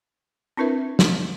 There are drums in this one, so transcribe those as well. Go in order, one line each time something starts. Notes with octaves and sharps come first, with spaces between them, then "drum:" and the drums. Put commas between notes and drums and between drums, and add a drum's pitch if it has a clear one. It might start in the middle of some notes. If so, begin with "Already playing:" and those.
C4 D4 E4 A#4 B4 E5
drum: snare